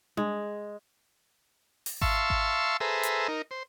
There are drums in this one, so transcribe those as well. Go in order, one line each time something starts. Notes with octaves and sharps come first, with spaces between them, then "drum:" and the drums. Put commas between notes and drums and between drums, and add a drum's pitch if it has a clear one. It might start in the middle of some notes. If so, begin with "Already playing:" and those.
G#3, drum: tom D4
drum: open hi-hat
E5 F5 A5 C6 C#6 E6, drum: kick G#1
drum: kick G#1
G#4 A4 B4 C5 E5 A#5
drum: hi-hat
D#4 A#4
C5